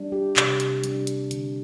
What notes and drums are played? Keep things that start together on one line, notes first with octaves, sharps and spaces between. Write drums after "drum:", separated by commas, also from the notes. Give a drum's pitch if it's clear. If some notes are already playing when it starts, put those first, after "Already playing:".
Already playing: G3 D4
G4
C3, drum: clap
drum: hi-hat
G3 D4, drum: hi-hat
drum: hi-hat
D3, drum: hi-hat